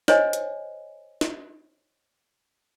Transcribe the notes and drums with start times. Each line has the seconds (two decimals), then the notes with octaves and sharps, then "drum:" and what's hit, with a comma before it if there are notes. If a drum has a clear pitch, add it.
0.08 C5 C#5 D#5 G#5, drum: snare
0.33 drum: hi-hat
1.21 drum: snare